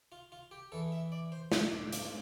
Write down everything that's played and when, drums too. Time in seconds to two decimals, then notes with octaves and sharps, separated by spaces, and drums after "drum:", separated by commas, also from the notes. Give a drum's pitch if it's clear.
0.12 F4
0.32 F4
0.51 G4
0.72 E2 E3 A4
0.92 E5
1.12 D5
1.32 C5
1.52 E5, drum: snare
1.72 D5
1.92 D5, drum: hi-hat